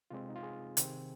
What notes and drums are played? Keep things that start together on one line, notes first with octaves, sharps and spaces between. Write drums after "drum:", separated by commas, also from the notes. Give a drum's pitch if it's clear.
C3 G#3 C4 F4
D#4
F4
G#4
C3 D#3 C4, drum: hi-hat